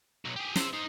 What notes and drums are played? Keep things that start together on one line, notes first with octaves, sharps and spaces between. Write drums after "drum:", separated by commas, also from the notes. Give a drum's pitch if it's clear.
B1 F#3
G4 G#4
C5 E5, drum: snare
D#4 C5